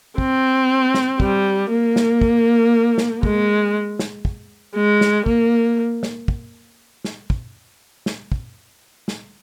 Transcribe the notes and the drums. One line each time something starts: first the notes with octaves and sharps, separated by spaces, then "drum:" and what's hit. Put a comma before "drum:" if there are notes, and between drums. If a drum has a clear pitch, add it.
C4, drum: kick
drum: snare
G3, drum: kick
A#3
drum: snare
drum: kick
drum: snare
G#3, drum: kick
drum: snare
drum: kick
G#3
drum: snare
A#3, drum: kick
drum: snare
drum: kick
drum: snare
drum: kick
drum: snare
drum: kick
drum: snare